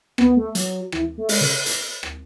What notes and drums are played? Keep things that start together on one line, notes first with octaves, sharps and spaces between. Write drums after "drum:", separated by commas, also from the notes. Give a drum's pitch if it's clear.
B3, drum: rim click
A3
F#3, drum: hi-hat
E3, drum: rim click
A3
G#3, drum: open hi-hat
C#3
drum: hi-hat
drum: rim click